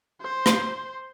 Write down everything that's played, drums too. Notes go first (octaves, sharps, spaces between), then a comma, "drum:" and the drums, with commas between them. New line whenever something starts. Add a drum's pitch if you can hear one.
C5
drum: rim click